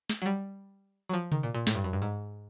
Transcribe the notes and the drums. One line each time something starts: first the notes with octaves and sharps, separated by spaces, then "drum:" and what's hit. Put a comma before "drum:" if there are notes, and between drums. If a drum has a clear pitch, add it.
drum: snare
F#3
G3
F#3
F3
D#3, drum: tom C3
A#2
A#2
A2, drum: snare
G2
F#2
G2
G#2